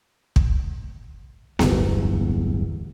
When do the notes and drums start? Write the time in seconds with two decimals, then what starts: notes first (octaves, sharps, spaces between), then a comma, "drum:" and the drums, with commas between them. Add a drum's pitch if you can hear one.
0.36 drum: kick
1.59 D1 G1 E2, drum: snare B3